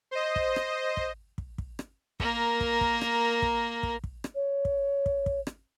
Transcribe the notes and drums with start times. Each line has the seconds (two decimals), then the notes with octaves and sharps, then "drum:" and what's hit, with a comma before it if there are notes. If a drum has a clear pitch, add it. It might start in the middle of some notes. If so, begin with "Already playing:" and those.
0.11 C5 D#5
0.36 drum: kick
0.56 drum: rim click
0.97 drum: kick
1.38 drum: kick
1.58 drum: kick
1.79 drum: rim click
2.20 A#3 A#4, drum: kick
2.61 drum: kick
2.81 drum: kick
3.01 drum: rim click
3.42 drum: kick
3.83 drum: kick
4.04 drum: kick
4.24 drum: rim click
4.35 C#5
4.65 drum: kick
5.06 drum: kick
5.26 drum: kick
5.47 drum: rim click